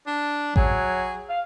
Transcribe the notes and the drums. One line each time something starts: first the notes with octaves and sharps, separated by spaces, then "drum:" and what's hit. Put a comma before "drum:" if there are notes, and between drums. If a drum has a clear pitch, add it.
D4
F#3 G#4, drum: kick A1
F5